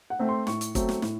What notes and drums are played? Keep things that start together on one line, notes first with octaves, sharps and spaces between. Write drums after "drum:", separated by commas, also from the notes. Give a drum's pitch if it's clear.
F#5
A3 C4
C6
A2 C#6, drum: snare
drum: hi-hat
F#3 A3 C4, drum: kick, hi-hat
drum: snare
A2, drum: snare